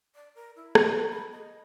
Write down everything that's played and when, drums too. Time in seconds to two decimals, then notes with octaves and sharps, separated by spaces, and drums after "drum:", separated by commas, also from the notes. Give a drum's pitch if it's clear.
0.15 D5
0.35 A#4
0.56 E4
0.75 drum: rim click
0.89 B4
1.10 B5
1.32 D#5